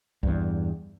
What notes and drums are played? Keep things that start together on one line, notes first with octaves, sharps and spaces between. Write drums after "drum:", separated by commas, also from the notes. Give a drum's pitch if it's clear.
E2 G2, drum: kick C2